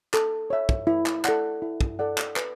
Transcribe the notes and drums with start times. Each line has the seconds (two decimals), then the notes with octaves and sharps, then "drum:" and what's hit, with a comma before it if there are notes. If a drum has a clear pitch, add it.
0.14 A4, drum: clap
0.50 C#5 E5
0.69 drum: kick
0.87 E4
1.06 drum: clap
1.25 A4 D5 F#5, drum: clap
1.62 E4
1.81 drum: kick
1.99 A4 D5 F#5
2.18 drum: clap
2.36 B4, drum: clap